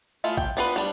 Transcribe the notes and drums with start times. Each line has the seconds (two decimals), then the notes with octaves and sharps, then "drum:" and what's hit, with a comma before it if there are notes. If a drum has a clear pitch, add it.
0.24 G#3 A3 E4 F4
0.37 G5, drum: kick A#1
0.57 B3 D4 F4 A#4 B4
0.76 G3 D4